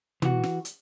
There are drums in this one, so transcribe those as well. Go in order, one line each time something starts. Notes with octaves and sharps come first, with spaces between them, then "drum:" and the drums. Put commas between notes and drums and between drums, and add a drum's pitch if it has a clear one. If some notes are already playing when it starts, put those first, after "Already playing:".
E3 F#4, drum: tom
drum: snare
drum: hi-hat